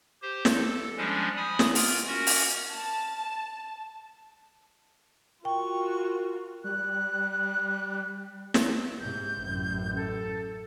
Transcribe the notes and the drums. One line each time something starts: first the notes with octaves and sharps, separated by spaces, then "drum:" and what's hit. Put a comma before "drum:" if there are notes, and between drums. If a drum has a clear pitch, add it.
G4 C5
drum: snare
A4
F3 G3 G#3 C#4 D4
G#5 B5 D#6
drum: snare
F4 A#4, drum: open hi-hat
C#4 F#4 A#4
drum: open hi-hat
A5
F4 F#4 A#4 G5 C#6
G3 F#6
drum: snare
G#2 C3 G6
A1 F#2
A4